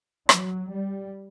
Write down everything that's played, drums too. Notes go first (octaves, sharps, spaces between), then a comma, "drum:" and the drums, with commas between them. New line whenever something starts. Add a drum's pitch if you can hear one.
F#3, drum: rim click
G3